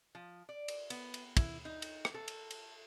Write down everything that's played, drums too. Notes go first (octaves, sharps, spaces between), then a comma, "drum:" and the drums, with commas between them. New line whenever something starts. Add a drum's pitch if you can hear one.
F3
D5
drum: cymbal
B3, drum: cymbal
drum: cymbal
E4, drum: kick, cymbal
D#4
drum: cymbal
drum: rim click
A4
drum: cymbal
drum: cymbal